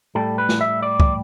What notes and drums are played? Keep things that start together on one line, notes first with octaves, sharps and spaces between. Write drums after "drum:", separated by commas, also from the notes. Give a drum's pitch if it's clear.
A2 G3 A4
B4
drum: snare
E5
D5
drum: kick